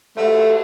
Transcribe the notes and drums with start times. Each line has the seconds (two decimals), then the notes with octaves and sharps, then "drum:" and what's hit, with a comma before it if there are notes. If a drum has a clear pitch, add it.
0.17 A3, drum: cymbal